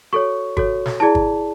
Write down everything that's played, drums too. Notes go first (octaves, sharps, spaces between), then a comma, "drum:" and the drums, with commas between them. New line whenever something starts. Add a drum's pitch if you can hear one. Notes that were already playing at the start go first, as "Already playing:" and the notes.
F#4 A4 C#5 C#6
F#4 A4 C#5, drum: kick
drum: snare
E4 G#4 D5 A5
drum: kick